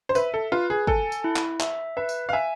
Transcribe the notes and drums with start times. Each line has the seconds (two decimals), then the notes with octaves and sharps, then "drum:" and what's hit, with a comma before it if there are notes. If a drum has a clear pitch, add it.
0.09 C5
0.15 B4 E5, drum: tambourine
0.34 A4
0.52 F4 B4
0.70 G#4
0.87 A4 G#5, drum: kick
1.12 drum: tambourine
1.24 E4
1.36 drum: clap
1.60 E5, drum: clap
1.97 B4 E5
2.09 drum: tambourine
2.29 F5
2.33 E5 G#5